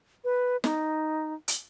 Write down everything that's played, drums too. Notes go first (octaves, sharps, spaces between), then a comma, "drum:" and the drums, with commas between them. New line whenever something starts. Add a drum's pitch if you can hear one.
B4
D#4, drum: snare
drum: hi-hat